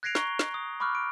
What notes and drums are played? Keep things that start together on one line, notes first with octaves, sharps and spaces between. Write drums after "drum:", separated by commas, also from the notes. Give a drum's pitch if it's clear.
F#6 G#6 A#6 C7 D7 F7
A#5 C#6 G7, drum: snare
drum: snare
D#6
B5 C#6 D6 F6 F#6
D7